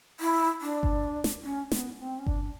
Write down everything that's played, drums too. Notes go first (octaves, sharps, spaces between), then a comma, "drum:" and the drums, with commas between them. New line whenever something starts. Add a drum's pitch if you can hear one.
E4
D4
drum: kick G1
drum: snare
C#4
B3, drum: snare
C4
C#4
D4, drum: kick G1